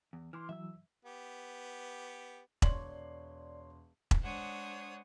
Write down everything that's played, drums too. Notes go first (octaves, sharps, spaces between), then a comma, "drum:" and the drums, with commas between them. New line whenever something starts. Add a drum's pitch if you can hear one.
E2
E3 C6 D6 F6
E3 F#3 E5 E6
B3 G4
E1 C#5 D5 C6 F#7, drum: kick E1
drum: kick E1
G#3 D4 C5 C#5 F#5 D#6